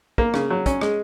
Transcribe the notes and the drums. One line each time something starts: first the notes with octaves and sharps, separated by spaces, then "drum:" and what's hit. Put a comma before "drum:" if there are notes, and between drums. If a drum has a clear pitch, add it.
A#3, drum: kick
C#3, drum: rim click
F#3
C#4, drum: kick, hi-hat
G#3, drum: rim click